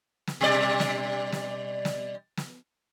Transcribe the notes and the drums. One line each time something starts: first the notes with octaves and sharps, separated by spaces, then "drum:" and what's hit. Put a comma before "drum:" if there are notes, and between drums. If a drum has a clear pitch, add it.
drum: snare
B2 G3 D5
drum: snare
drum: snare
drum: snare
drum: snare